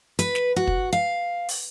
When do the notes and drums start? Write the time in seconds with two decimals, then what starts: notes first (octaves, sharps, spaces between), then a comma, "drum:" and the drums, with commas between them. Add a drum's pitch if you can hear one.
0.19 B4, drum: hi-hat
0.35 drum: snare
0.56 F#4
0.67 drum: kick
0.93 F5
1.49 drum: open hi-hat